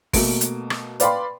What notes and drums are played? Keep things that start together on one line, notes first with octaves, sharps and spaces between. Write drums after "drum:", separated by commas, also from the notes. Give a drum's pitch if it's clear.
B2 A3 A#3 D7, drum: kick, open hi-hat
drum: hi-hat
drum: rim click
B4 D5 F5 G5 B5 C6, drum: hi-hat